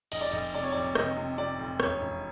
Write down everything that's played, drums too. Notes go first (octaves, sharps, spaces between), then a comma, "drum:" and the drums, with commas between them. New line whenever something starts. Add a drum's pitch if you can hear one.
F1 D#5, drum: cymbal
D5
F1 D#5
C3 D5
C#5
D5
F1
C3 D#5, drum: rim click
C3
C3 D5
F1
E1 C#5, drum: rim click
E1